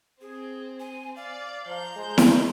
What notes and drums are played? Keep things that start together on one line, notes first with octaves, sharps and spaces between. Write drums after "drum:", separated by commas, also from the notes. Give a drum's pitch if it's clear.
C4 G#4
G#5
D5 F5
F3 A#5 G6
G#3 C5
drum: snare E4